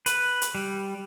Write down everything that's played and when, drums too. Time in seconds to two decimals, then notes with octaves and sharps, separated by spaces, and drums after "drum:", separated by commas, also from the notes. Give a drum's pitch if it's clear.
0.06 B4, drum: hi-hat
0.42 drum: hi-hat
0.55 G3